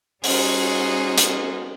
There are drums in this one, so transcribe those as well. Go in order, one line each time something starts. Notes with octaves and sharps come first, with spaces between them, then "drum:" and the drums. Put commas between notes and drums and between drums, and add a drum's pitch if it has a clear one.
G3 C#4 D#4 F#4 G#4 C5, drum: open hi-hat
drum: hi-hat